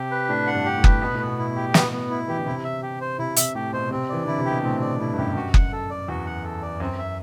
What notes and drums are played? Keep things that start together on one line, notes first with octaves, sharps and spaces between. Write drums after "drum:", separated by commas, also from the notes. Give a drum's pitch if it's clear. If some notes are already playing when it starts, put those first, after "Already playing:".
Already playing: C3 G4
B4
A2 D4
F#5
G2
G4
A2
B4, drum: kick F#1
B2 B3
A2 B3
B2
E4
G4
B3, drum: snare
B3
E4
E3 G4
D3
C3 E4
E5
G4
C5
C3 E4
C3 E5, drum: hi-hat
A2 G4
B2 C5
C3 C4
E3 D5
D3 E4
C3
G4
B2
A2 C4
B2 D5
A2 E4
G2
F#2 G4
F#4
F#5, drum: kick F#1
A4
D5
E2 F#4
F#5
A4
D5
F#2 C4
E5